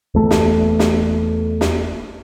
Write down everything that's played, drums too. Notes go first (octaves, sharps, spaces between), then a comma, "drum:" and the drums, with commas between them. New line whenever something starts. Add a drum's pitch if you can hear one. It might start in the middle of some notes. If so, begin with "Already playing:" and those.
E2 A3
drum: snare
drum: snare
drum: snare